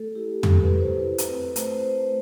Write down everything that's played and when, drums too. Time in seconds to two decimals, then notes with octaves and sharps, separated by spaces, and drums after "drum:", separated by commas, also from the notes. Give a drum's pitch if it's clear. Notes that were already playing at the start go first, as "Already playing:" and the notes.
Already playing: A3 A4
0.15 E4 G4
0.43 A3 A4, drum: tom
0.62 B4
0.71 E4
0.80 C5
0.99 E4 B4
1.18 drum: hi-hat
1.28 C4 B4
1.56 A3 C5, drum: hi-hat
1.68 B4
1.80 A3 C5